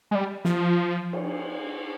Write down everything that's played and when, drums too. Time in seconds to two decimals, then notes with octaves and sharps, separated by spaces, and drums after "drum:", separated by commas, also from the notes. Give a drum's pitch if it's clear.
0.11 G#3
0.15 G3
0.45 F3, drum: snare
1.13 drum: cymbal